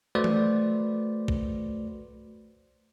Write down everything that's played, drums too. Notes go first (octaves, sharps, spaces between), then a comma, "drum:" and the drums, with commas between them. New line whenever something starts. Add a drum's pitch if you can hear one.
A3 F#4 B4 C5 D5
drum: tom
drum: kick A#1